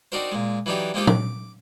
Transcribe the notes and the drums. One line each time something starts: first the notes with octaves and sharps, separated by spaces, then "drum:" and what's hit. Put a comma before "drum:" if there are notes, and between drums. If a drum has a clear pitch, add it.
C4 D4 D#4 F#4 A#4 C5
A#2 G#3
E3 F#3 D4 D#4 G4
G#3 A#3 C4 D#4 F4 G4
D6, drum: tom A#2